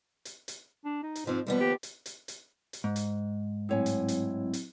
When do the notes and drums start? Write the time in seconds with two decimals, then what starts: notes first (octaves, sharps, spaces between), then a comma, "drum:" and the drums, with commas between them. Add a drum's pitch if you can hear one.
0.25 drum: hi-hat
0.48 drum: hi-hat
0.85 D4
1.03 D#4
1.15 drum: hi-hat
1.26 G#2 D#3 F3 C4
1.47 D#2 F3 G3 B3
1.61 G4
1.83 drum: hi-hat
2.06 drum: hi-hat
2.28 drum: hi-hat
2.73 drum: hi-hat
2.84 G#2
2.96 drum: hi-hat
3.69 A2 F#3 C4 E4 C#5 G#5
3.86 drum: hi-hat
4.08 drum: hi-hat
4.53 drum: hi-hat